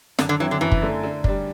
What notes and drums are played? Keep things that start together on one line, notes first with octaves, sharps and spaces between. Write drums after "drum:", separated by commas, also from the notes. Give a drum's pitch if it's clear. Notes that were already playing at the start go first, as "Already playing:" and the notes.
F#2 D3, drum: snare
D3
E3 F#3 C4 E4
D3
F#2 E3
drum: kick
D3 A3
D3
G3 D4, drum: kick